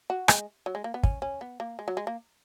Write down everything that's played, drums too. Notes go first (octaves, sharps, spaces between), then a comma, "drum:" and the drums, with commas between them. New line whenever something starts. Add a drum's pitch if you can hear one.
F#4
G#3, drum: rim click
F#3
G#3
A#3
B3
C#4, drum: kick
C#4
B3
A#3
G#3
F#3
G#3
A#3